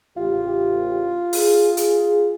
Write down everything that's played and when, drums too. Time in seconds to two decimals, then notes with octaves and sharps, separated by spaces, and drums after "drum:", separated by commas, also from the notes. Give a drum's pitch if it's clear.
0.17 A1 C#3 F4 G4
1.33 G#4, drum: open hi-hat
1.77 drum: hi-hat